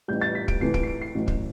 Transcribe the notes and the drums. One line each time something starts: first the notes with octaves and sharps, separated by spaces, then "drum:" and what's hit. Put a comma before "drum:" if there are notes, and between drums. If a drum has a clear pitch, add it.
A1 A2 G3 G6
A6
B6
D7, drum: kick
C2 C3 E3 A3 C7
D7, drum: kick
C7
D7
C7
A1 A2 F#3
drum: kick